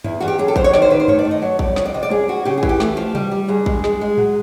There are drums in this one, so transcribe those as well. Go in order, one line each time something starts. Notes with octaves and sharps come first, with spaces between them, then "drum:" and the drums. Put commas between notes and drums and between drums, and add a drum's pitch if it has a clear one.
E2 E4, drum: tom F#2
E2 F#4
G4
F#2 G#4
A4
F#3 C5, drum: kick
C#5
D#3 D5, drum: snare
C5
D#3 B4
C5
A3 C#5, drum: tom F#2
D5
A3
D#5
F#3 C#5
G2 D5, drum: kick
F3 C#5, drum: snare
D5
C3 D#5
D5
F#2 G#4, drum: tom
F#2 F#4
C#3 G4
G#4
E3, drum: kick
G4
A3, drum: snare
F3
G3, drum: tom C3
G3
G2 G#4
G#3, drum: kick
G#3, drum: snare
G#3
F#3, drum: tom A2